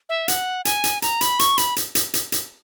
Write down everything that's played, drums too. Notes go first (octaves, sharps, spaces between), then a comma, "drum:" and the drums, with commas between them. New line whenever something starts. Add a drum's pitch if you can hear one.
E5
F#5, drum: hi-hat
G#5, drum: hi-hat
drum: hi-hat
A#5, drum: hi-hat
B5, drum: hi-hat
C#6, drum: hi-hat
B5, drum: hi-hat
drum: hi-hat
drum: hi-hat
drum: hi-hat
drum: hi-hat